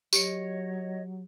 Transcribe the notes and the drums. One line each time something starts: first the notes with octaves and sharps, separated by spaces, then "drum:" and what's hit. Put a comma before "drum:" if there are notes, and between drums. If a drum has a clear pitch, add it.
F#3 G4 C#5 D#5 C#7, drum: tambourine